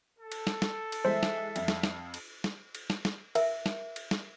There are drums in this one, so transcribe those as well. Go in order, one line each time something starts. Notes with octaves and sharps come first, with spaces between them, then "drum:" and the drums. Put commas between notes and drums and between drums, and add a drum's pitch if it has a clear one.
A4
drum: cymbal
drum: snare
drum: snare
drum: cymbal
E3 G#3 C5 E5
drum: snare
F2, drum: cymbal
drum: snare
drum: snare
drum: cymbal
drum: snare
drum: cymbal
drum: snare
drum: snare
A#4 E5, drum: cymbal
drum: snare
drum: cymbal
drum: snare